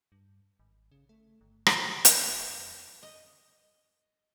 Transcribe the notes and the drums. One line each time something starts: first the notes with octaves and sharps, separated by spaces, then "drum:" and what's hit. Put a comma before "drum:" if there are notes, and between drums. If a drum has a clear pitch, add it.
G2
G#1
C#3
A3
G1
drum: rim click
B2
drum: hi-hat
D#1
F2
D#5